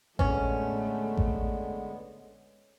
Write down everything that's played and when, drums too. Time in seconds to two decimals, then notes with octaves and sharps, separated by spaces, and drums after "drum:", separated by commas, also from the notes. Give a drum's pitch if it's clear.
0.19 A2 D3 G#3 A3 B3 C#4, drum: kick A1
1.17 drum: kick A1